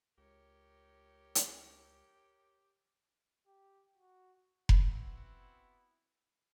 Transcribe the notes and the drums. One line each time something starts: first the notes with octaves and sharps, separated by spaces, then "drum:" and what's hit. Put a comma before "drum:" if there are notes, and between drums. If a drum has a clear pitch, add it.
C#2 G4 A#4 C#5
drum: hi-hat
G4
F#4
B3 C4 E4 F#4, drum: kick F1